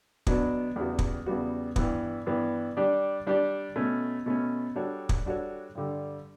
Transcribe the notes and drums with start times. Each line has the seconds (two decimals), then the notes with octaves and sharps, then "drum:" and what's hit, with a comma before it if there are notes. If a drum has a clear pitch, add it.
0.27 B2 F#3 B3 D4, drum: kick
0.76 E2 C#3 G3 B3 F#4
0.99 drum: kick
1.26 E2 C#3 G3 B3 F#4
1.76 G2 E3 B3, drum: kick
2.26 G2 E3 B3
2.77 G3 D4 G4 D5
3.27 G3 D4 G4 D5
3.76 B2 A3 C#4
4.26 B2 A3 C#4
4.76 G3 D4 F#4 A4 C#5
5.09 drum: kick
5.26 G3 D4 F#4 A4 C#5
5.75 G2 D3 G3